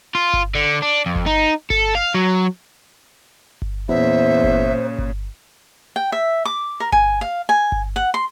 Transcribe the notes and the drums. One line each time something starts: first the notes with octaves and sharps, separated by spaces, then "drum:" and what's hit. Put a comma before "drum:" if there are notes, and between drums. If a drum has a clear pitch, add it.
F4
drum: kick G1
D3
D4
F2
drum: kick G1
D#4
A4, drum: kick G1
F5
F#3
drum: kick G1
E2 A#2 C#3 C5 E5
drum: kick G1
drum: kick G1
G5
E5
D6
A#4
G#5, drum: kick G1
F5
G#5
drum: kick G1
F#5
C6